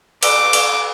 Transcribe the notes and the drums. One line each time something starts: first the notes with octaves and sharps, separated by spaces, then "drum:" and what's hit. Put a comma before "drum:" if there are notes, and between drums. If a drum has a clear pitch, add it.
D6, drum: cymbal
drum: cymbal